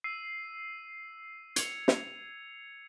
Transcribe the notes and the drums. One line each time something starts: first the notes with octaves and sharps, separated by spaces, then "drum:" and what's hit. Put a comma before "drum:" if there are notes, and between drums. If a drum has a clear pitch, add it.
E6 C7 D#7
G#6 C#7 F7, drum: hi-hat
drum: snare